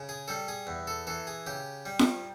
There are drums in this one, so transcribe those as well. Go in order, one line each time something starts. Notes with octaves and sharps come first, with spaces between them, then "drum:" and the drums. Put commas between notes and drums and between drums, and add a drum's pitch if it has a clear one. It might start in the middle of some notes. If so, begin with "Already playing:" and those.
Already playing: C#3
G#4
G3 A4
G#4
E2
A4
E3 A4
G#4
C#3 G4
G3
drum: snare F4